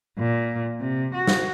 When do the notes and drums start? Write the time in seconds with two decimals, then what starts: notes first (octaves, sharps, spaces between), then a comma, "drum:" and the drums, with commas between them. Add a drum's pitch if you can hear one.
0.17 A#2
0.79 C3
1.14 F#4
1.27 drum: snare